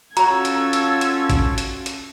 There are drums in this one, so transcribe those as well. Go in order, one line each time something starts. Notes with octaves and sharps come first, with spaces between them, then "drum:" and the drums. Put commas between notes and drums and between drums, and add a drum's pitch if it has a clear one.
C#4 F4 F#4 A4 C#5 A#5 E6 G#6, drum: hi-hat
drum: hi-hat
drum: hi-hat
drum: hi-hat
drum: kick, hi-hat
drum: hi-hat
drum: hi-hat